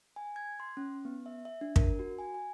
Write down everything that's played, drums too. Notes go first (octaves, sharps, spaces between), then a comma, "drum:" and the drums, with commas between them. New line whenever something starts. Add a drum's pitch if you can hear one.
G#5
G#6
C6
C#4
B3
E5
E5
D4
A#4, drum: kick
F#4
G#5
G#5